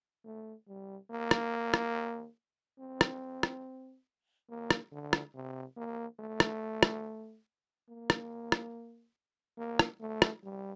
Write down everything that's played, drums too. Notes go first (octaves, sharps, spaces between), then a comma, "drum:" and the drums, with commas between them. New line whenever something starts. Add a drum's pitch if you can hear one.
A3
G3
A#3
drum: rim click
drum: rim click
C4
drum: rim click
drum: rim click
A#3
drum: rim click
D3
drum: rim click
C3
A#3
A3
drum: rim click
drum: rim click
A#3
drum: rim click
drum: rim click
A#3
drum: rim click
A3
drum: rim click
G3